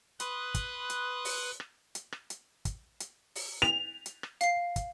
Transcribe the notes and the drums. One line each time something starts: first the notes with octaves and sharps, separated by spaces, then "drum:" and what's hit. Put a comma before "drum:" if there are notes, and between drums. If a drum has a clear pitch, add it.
B4 B5 C6 D#6 F#6, drum: hi-hat
drum: kick, hi-hat
drum: hi-hat
drum: open hi-hat
drum: rim click
drum: hi-hat
drum: rim click
drum: hi-hat
drum: kick, hi-hat
drum: hi-hat
drum: open hi-hat
F7
drum: hi-hat
drum: rim click
F5 C7, drum: hi-hat
drum: kick, hi-hat